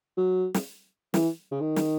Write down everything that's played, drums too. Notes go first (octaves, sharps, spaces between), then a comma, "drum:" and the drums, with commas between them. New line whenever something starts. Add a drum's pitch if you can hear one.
F#3
drum: snare
E3, drum: snare
C#3
D#3
drum: snare